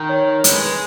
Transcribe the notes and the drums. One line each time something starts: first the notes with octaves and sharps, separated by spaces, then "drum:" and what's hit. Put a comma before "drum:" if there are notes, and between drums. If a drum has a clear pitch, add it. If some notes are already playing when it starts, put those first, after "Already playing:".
Already playing: D#3
C#5
G#3 B4, drum: hi-hat